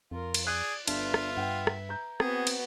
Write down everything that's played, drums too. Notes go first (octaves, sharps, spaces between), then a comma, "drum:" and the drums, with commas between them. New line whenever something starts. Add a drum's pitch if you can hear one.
F2 F4 A#4
drum: cymbal
G#4 D5 F#6
G1 D4 F4 B4 E5 F7, drum: cymbal
drum: rim click
G2 F#5 G5
drum: rim click
A#5 G6
B3 C4 F#4 G#4, drum: rim click
drum: cymbal